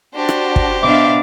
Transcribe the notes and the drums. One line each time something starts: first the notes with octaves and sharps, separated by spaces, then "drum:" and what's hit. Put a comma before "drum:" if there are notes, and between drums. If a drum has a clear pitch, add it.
D4 F#4 G4 C5
drum: rim click
drum: kick
B2 D4 E5 F5 D6